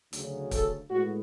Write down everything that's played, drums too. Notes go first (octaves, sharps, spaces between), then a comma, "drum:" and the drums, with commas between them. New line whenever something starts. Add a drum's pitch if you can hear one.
D2 C#3 F#3, drum: hi-hat
A4, drum: kick, hi-hat
A2 G#3 B3 F#4